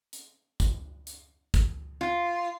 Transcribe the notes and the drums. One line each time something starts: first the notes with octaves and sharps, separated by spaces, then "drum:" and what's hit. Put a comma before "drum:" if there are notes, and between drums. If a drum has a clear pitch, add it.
drum: hi-hat
drum: kick, hi-hat
drum: hi-hat
drum: kick, hi-hat
F4